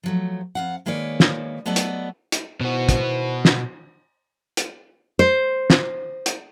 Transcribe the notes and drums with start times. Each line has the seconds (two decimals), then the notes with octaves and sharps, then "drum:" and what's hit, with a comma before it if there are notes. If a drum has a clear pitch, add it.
0.03 F3 F#3 A3
0.55 F2 F5 F#5
0.86 D#3 G#3 A#3 B4 C#5 D5
1.20 drum: snare
1.66 F#3 A3 B3 A4 D5 D#5
1.76 drum: hi-hat
2.32 drum: hi-hat
2.60 B2 D#3 E4 F#4 C5
2.89 drum: kick, hi-hat
3.45 drum: snare
4.57 drum: hi-hat
5.19 C5
5.70 drum: snare
6.26 drum: hi-hat